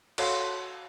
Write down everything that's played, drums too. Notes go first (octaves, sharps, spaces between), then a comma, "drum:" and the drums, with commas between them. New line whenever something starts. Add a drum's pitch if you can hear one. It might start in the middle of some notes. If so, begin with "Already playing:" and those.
F#4 A4 C#5 F5 A5 C6, drum: cymbal